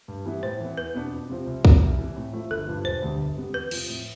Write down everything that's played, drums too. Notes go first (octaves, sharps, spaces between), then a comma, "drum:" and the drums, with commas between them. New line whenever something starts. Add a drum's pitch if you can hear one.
G2
E3 G3 B3 E4
A2 C5
E3 B3
E2 B4
B2 B3 D4
F2
C3 F3 C4
C2
B2 B3, drum: kick
C2
C3 E3
A2
F3 A3 E4
G1 A4
G2 F3
E1 C5
D2 D3 G3 B3
G1
F2 C3 G3 B3
E2 B4
C3 F3, drum: cymbal
A2